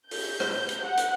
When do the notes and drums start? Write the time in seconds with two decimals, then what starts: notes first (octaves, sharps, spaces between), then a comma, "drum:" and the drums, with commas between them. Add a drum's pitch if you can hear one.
0.11 G6, drum: open hi-hat
0.40 drum: rim click
0.69 drum: hi-hat
0.85 F#5
0.97 drum: hi-hat